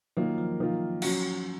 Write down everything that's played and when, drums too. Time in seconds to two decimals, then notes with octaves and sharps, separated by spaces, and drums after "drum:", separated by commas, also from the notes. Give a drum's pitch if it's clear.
0.17 D#3 F#3 A#3 F4
0.38 F3
0.60 D#3 A#3 F4
1.02 F#3 C#4 F#4, drum: cymbal